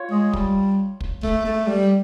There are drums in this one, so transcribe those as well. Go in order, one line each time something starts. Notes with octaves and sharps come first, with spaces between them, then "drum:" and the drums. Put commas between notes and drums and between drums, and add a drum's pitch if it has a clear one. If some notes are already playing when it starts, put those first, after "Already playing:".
Already playing: F4 C#5
G#3
G3, drum: kick
drum: kick
A3, drum: kick
A3
G3